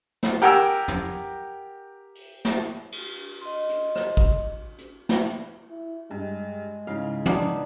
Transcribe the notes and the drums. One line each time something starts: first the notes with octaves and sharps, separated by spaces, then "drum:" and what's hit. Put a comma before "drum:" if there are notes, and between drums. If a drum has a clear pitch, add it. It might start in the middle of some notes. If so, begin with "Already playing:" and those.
drum: snare
G4 A#4 F#5 G#5 A#5 E6
drum: tom
drum: open hi-hat
drum: snare
drum: cymbal
D#5 C6
drum: hi-hat
drum: rim click
drum: kick
drum: hi-hat
drum: snare
E4
G2 G#3
G#2 C#3 E3 F5
B3 D4 D#4, drum: tom